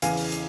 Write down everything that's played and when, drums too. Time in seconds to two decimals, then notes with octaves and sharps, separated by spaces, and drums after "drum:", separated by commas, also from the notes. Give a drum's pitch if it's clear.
0.02 E2 C#3 E3 F5 G#5, drum: hi-hat
0.17 drum: open hi-hat
0.32 drum: hi-hat